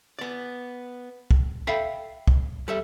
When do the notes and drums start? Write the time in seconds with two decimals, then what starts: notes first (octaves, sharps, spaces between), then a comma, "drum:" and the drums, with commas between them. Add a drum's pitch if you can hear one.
0.19 B3 D5
1.31 drum: kick
1.67 A4 E5 F5 G5 B5
2.28 drum: kick
2.68 G3 A4 E5